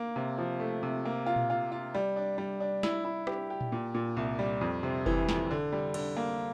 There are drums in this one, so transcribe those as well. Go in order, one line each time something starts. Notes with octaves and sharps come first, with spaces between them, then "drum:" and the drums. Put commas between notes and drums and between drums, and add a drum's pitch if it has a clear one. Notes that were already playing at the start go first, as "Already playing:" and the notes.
Already playing: A#3
C3
F3
A3
C3
A#3
F4
drum: tom A#2
F4
F4
G3
D4
G3
D4
E4, drum: snare
E4
G4, drum: rim click
G4
drum: tom A#2
A#2
A#2
C2
G3
F2
C3
E3, drum: kick F#1
F2, drum: snare
D3
G3
D3, drum: cymbal
A#3